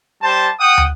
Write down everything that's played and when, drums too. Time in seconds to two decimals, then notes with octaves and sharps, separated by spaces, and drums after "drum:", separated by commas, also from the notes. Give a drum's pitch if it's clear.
0.23 G3 C5 A5
0.60 F#5 G5 D#6
0.78 drum: tom